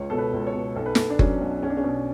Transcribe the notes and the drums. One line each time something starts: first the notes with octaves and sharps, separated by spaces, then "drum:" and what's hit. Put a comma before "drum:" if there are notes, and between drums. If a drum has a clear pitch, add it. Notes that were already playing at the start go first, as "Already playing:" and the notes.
Already playing: C#2 C#5
B2 A4
B4
C#2
C#5
B2
B1 A4
B4
B1 A4, drum: snare
D4
F#3 C#4, drum: kick F#1
B1
B1 C#4
D4
C#4
B2